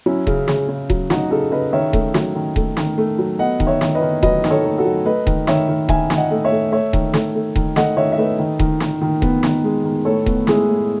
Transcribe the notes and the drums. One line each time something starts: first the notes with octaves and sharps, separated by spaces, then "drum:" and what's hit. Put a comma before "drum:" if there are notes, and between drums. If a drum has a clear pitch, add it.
F#3 C#4 E4
C#3, drum: kick D#1
C#3, drum: snare
C#3
F#3, drum: kick D#1
F#3 D#4 F#4, drum: snare
C#3 F#4 A4
C#3 B4 D#5
D#3 C#5 E5
A3, drum: kick D#1
F#3, drum: snare
D#3
A3, drum: kick D#1
D#3, drum: snare
A3
F#3
B3 D#5 F#5
D#3, drum: kick D#1
C#5 E5
D#3, drum: snare
B4 D#5
D#3
F#3 B4 D#5, drum: kick D#1
D#3, drum: snare
A4 C#5
D#3
F#4 A4
F#3
A3 B4 D#5
D#3, drum: kick D#1
D#3 C#5 E5, drum: snare
D#3
D#3 E5 G#5, drum: kick D#1
D#3, drum: snare
D#5 F#5
A3
C#5 E5
A3
A3 C#5 E5
D#3, drum: kick D#1
A3, drum: snare
A3
D#3, drum: kick D#1
A3 D#5 F#5, drum: snare
D#3 C#5 E5
E5
A3 B4 D#5
D#3
D#3, drum: kick D#1
D#3, drum: snare
D#3
B3, drum: kick D#1
D#3, drum: snare
G#3
D#3
A2 A4 C#5
B3, drum: kick D#1
G#3 E4 G#4, drum: snare
A2